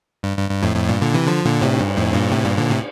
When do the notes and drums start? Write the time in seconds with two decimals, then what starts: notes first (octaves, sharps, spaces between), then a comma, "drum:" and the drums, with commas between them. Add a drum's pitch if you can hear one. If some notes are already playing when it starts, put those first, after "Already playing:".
0.23 G2
0.37 G2
0.50 G2
0.63 F2 A2
0.76 F2 A2
0.88 G2 A#2
1.01 A#2 D3
1.14 C3 E3
1.27 D3 F3
1.45 A#2 D3
1.62 A2 C3, drum: cymbal
1.80 G2
1.97 F2 A2
2.13 G2 A#2
2.32 A2 C3
2.44 G2 A#2
2.57 A#2 D3
2.70 A2 C3